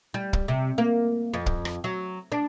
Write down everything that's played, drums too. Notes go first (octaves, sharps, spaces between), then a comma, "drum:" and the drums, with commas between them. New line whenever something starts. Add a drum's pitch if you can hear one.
G3
drum: kick
C3
A#3
F2
drum: kick
drum: rim click
F#3
D4